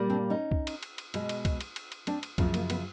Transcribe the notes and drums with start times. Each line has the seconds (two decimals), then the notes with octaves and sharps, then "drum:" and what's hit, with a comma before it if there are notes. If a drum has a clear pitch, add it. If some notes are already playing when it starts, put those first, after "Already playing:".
Already playing: A#2 G3 A#3
0.10 C4 D4
0.30 C#4 D#4
0.51 drum: kick C2
0.67 drum: cymbal
0.83 drum: cymbal
0.98 drum: cymbal
1.14 B2 G#3, drum: cymbal
1.29 drum: cymbal
1.45 drum: kick C2, cymbal
1.61 drum: cymbal
1.76 drum: cymbal
1.92 drum: cymbal
2.07 C4 D4, drum: cymbal
2.23 drum: cymbal
2.38 F#2 C#3 F3 B3, drum: kick C2, cymbal
2.54 A#3, drum: cymbal
2.70 B3, drum: cymbal